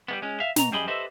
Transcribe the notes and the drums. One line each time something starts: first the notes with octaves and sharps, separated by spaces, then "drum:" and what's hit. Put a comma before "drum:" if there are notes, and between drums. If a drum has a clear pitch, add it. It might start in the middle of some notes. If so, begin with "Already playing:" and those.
G3 G#3 B3
G#3 C#4
E5 F5
B2 A#5, drum: snare
F#2 G3 G#4 D#5 B5
G4 A4 B4 C5 D#5 E5